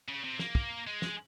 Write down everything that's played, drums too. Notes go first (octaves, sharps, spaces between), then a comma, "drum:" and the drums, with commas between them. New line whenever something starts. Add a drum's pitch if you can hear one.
C#3
C3
A#3, drum: snare
drum: kick
G#3
drum: snare